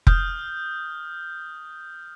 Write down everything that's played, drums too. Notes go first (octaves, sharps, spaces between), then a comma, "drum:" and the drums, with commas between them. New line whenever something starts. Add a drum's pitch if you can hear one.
D#6 F6 G6, drum: kick F1